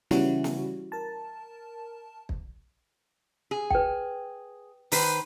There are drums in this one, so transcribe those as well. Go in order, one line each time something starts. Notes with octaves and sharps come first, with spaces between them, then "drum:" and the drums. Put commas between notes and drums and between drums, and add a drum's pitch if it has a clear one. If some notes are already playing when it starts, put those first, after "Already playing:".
C#3 E3 G3 C#4 E4 F#4, drum: snare
drum: snare
A#4 A5
drum: kick
G#4
B4 G5, drum: kick
D#3 B4 C5, drum: open hi-hat